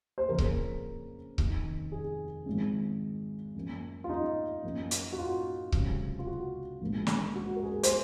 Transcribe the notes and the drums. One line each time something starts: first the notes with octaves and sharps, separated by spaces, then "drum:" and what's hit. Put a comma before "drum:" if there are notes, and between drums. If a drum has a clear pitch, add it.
C5
F2 C#3 F3 A#3 A#4
drum: kick C#1
F1 D#2 D#3, drum: kick C#1
G#4
G#1 G#2 F3
F#2 F3 A#3
F4
D#4
F#2 F3 A#3
drum: hi-hat
F#4
F4
C#2 C3 F#3, drum: kick C#1
F4
F#4
A#1 G#2 F3 A#3
drum: snare
F#4
A#4
G#4
C5, drum: hi-hat